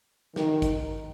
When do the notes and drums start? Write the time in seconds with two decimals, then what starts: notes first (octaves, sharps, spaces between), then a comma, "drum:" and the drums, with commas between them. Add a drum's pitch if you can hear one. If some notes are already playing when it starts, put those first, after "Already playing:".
0.36 D#3, drum: snare
0.62 drum: kick, hi-hat